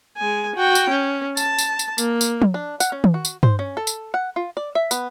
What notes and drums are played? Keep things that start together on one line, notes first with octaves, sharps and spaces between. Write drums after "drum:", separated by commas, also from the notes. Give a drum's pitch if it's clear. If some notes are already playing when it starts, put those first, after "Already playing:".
G#3 G#5
F#4 G5
drum: tambourine
C#4
A5, drum: tambourine
drum: tambourine
drum: tambourine
A#3, drum: tambourine
drum: tambourine
drum: tom F3
D4
F#5, drum: tambourine
C#4
drum: tom D#3
F#4
drum: tambourine
C5, drum: tom
C#4
A4
drum: tambourine
F#5
F4
D5
E5
B3, drum: tambourine